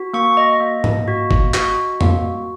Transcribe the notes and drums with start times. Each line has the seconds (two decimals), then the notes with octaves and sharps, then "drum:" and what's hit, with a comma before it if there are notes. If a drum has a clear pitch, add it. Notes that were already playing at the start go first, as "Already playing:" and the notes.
Already playing: F#4
0.13 A#3 C#6
0.37 D#5
0.60 A#3
0.84 drum: tom G#2
1.08 F#4
1.31 drum: kick
1.54 F#4, drum: clap
2.01 A#3, drum: tom